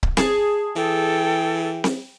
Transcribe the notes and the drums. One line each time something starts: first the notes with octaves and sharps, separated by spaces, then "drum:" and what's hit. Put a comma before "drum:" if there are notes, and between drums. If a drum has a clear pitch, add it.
drum: kick C#1
G#4 A5, drum: snare C4
E3 A4 G5
drum: snare C4